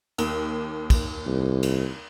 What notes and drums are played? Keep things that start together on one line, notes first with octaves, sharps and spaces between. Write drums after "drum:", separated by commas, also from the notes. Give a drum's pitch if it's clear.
D#2, drum: cymbal
drum: kick, cymbal
C2
drum: cymbal